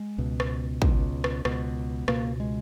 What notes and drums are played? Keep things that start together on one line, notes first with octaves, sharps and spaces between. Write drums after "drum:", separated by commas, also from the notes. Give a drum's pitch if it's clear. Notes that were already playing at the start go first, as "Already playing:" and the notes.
Already playing: G#3
C#2 B2
drum: rim click
C#2 B2, drum: kick
drum: rim click
C#2 B2, drum: rim click
C#2 B2 A#3, drum: rim click
G#3